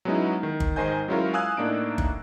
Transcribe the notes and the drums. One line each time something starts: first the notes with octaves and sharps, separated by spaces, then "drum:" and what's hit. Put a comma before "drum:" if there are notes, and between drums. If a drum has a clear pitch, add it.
F#3 G#3 B3 C#4 D#4 E4
D#3
drum: kick G1
G#2 D#3 C5 D#5 G#5 G6
F#3 G#3 C#4 E4 F4 A#4
F5 G#5 D#6 E6 F#6 G#6
A2 A#3 D4 D#4 D7
drum: kick G1